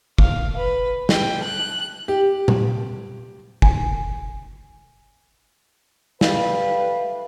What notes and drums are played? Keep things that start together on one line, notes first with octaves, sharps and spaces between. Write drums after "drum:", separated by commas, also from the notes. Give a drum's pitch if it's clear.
F5, drum: kick
B4
G5, drum: snare
F#6
G4
drum: tom A#2
G#5, drum: kick
G3 A3 B4 F5, drum: snare